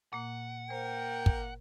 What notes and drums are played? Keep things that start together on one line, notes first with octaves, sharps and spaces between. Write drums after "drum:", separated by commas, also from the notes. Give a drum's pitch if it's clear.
A#2 A#3 F#5
A#3 A#4 C5 G5
drum: kick